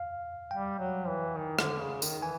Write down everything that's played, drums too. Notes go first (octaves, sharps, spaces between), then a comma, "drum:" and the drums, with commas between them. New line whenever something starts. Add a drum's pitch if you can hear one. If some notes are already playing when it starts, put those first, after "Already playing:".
Already playing: F5
G3 G5
F#3
E3
D#3
D3, drum: rim click
C#3
D#3, drum: tambourine
E3 G#5